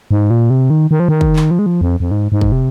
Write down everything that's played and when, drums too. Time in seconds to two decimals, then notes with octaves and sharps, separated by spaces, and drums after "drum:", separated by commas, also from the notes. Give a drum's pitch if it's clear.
0.11 G#2
0.30 A#2
0.50 C3
0.70 D#3
0.91 D#3
1.00 F3
1.09 D#3
1.21 drum: kick
1.36 drum: clap
1.51 F3
1.59 G#3
1.66 F3
1.81 F2
2.00 F2
2.11 G#2
2.32 G#2
2.41 drum: kick
2.52 C3